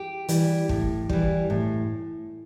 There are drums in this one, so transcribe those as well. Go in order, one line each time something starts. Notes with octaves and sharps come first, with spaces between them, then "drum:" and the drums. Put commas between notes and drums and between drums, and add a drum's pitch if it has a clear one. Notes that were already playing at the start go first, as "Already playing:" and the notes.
Already playing: G4
E3 G3, drum: hi-hat
A2, drum: kick
E3 G3, drum: kick
A2